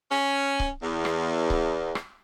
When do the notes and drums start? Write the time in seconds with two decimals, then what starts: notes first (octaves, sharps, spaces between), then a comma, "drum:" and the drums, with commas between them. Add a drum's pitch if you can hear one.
0.10 C#4
0.60 drum: kick C#1
0.82 E2
1.05 drum: rim click
1.50 drum: kick C#1
1.95 drum: rim click